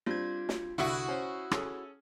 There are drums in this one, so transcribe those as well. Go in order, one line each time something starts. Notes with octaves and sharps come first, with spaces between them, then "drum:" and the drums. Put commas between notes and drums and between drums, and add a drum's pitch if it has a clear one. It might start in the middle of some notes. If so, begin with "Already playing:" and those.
G3 C4 D4 F4 G#6
drum: snare
C2 D3 E4 F#4 F#5 C#6 D#6
C#4 C5
C#4 G#4 A4, drum: rim click